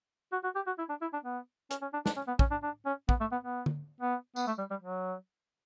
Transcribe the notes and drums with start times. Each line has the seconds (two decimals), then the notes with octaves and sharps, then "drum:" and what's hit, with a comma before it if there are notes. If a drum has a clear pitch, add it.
0.32 F#4
0.44 F#4
0.55 G4
0.67 F#4
0.78 E4
0.89 D4
1.02 E4
1.13 D4
1.24 B3
1.71 C#4, drum: hi-hat
1.82 C#4
1.93 D4
2.06 D4, drum: snare
2.16 C#4
2.28 B3
2.39 C#4, drum: kick
2.51 D4
2.63 D4
2.86 C#4
3.09 B3, drum: kick
3.21 A3
3.32 B3
3.44 B3
3.66 drum: tom
4.01 B3
4.36 B3, drum: tambourine
4.47 A3
4.58 G3
4.70 G3
4.82 F#3